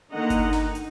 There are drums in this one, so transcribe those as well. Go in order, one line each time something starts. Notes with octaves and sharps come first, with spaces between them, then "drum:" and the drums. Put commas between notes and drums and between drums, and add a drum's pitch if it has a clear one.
D3 D#3 A#3 D#5 F#5 A#5
drum: kick G1, hi-hat
D#4, drum: snare
drum: hi-hat